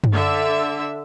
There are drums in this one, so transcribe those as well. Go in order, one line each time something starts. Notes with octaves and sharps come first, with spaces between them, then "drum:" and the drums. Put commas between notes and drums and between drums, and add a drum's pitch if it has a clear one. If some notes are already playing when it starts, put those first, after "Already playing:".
drum: tom
D3 E5